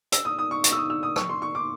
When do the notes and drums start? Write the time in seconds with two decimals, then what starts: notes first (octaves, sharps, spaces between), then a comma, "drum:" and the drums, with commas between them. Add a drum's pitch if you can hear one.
0.12 E6, drum: hi-hat
0.25 D#6
0.39 D#6
0.51 C#6
0.64 C#6, drum: hi-hat
0.72 E6
0.77 D#6
0.90 E6
1.03 D#6
1.16 C#6, drum: rim click
1.29 C6
1.42 C#6
1.55 D6